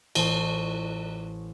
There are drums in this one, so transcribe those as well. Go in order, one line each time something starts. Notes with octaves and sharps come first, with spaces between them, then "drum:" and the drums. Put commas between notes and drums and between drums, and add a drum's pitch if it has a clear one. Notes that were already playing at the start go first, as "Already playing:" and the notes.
A1 C5 A5 C#6, drum: cymbal